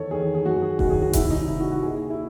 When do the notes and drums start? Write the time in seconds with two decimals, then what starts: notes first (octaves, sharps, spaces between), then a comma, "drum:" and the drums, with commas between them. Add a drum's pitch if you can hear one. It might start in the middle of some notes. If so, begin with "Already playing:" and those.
Already playing: E2 D#3 A4 C#5
0.11 E2 D#3 G#4
0.34 G#4
0.45 F#2 D#3 F#4
0.62 G#4
0.79 F#2 D#3 F#4, drum: kick E1
0.90 G#4
1.02 F#4
1.13 C2 C3 D#3 E4, drum: kick E1, hi-hat
1.31 D#4
1.48 C2 C3 D#3 E4
1.60 F#4
1.72 F#4
1.83 D#2 D#3 G#4
2.10 E4